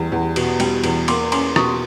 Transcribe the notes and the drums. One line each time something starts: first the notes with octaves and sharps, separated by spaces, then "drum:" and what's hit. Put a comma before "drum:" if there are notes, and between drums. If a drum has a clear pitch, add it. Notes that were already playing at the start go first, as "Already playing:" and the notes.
Already playing: E2 G3
E2
B2, drum: cymbal
G3, drum: cymbal
E2, drum: cymbal
A#3 C6 D6, drum: cymbal
C#4 C6 D6, drum: cymbal
B2 C#6 D#6, drum: rim click